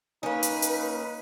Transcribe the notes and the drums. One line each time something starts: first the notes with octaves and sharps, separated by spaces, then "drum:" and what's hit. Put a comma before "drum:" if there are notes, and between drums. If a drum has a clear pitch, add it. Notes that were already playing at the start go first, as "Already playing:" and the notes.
A#3 C#4 D#4 B4
drum: hi-hat
drum: hi-hat